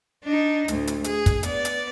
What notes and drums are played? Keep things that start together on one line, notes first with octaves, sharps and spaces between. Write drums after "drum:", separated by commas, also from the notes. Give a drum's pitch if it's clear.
D4 D#4
D2 A2, drum: hi-hat
drum: hi-hat
G#4, drum: hi-hat
drum: kick, hi-hat
B3 D5, drum: hi-hat
drum: hi-hat